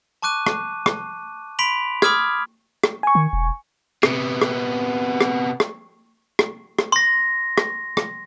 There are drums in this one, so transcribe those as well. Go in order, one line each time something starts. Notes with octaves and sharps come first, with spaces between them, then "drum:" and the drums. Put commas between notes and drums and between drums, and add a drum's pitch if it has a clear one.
A5 C#6 D6 F#6 D#7
drum: rim click
drum: rim click
B5 C6 B6 D7 F7 F#7
B5 D6 D#6 F6 G#6, drum: rim click
drum: rim click
G#5 C#6
D#3
E1
C3 B3, drum: rim click
drum: rim click
drum: rim click
drum: rim click
drum: rim click
drum: rim click
C6 A#6
drum: rim click
drum: rim click